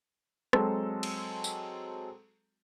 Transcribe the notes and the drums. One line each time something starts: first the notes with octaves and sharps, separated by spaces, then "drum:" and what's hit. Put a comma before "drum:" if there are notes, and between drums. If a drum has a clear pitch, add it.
F#3 G#3 C4 F#4 A4, drum: rim click
drum: cymbal
drum: tambourine